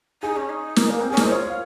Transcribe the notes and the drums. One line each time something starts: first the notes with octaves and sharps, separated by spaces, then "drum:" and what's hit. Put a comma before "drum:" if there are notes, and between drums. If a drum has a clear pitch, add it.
D#4 G#4
C#4
D#4
A#4, drum: snare
A#3
C4
C#4 G#4
A#4, drum: snare
D#4 C5
F4 C#5
F5